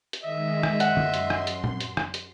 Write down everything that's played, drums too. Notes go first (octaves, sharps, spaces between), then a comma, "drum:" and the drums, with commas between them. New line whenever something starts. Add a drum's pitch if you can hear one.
drum: hi-hat
D#3 G#3 D#5 E5
drum: rim click
F#2 F#5 C6, drum: hi-hat
drum: tom D3
drum: hi-hat
drum: rim click
drum: hi-hat
drum: tom A#2
drum: hi-hat
drum: rim click
drum: hi-hat